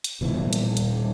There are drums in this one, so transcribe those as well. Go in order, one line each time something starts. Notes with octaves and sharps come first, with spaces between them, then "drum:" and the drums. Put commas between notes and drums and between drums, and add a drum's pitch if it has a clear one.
drum: hi-hat
F1 G#2 B2 E3 F3
A#2 G3
drum: hi-hat
D#1, drum: hi-hat